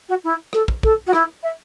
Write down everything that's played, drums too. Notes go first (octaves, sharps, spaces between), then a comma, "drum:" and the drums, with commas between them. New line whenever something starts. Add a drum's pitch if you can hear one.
F#4
E4
A4, drum: rim click
drum: kick
A4, drum: kick
F#4
E4, drum: rim click
E5